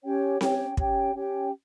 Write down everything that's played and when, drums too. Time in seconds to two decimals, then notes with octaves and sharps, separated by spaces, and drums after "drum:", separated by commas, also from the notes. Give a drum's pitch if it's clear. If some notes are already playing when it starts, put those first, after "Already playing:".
0.04 C#4 G4 C#5 G5
0.41 C#4 G4 C#5 G5, drum: snare C4
0.77 C#4 G4 C#5 G5, drum: kick
1.14 C#4 G4 C#5 G5